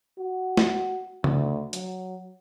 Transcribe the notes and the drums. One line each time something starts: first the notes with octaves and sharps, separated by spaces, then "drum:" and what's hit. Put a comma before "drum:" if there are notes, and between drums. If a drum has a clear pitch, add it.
F#4
drum: snare
D2, drum: tom C#3
F#3, drum: hi-hat